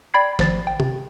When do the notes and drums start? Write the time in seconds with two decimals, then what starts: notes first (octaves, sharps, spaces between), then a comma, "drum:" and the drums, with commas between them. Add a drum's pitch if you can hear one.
0.14 D5 G5 B5 G#6 C7
0.39 G#1 F3 A6, drum: snare
0.67 G5
0.80 C3, drum: tom C3